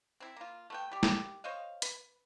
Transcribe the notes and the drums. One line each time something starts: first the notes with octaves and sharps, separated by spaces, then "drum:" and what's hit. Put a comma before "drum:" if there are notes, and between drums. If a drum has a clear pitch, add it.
C4 E4
A#3 F4
A3 B3 G5
G3 G4
drum: snare
C5 C#5 D#5 F5
B4, drum: hi-hat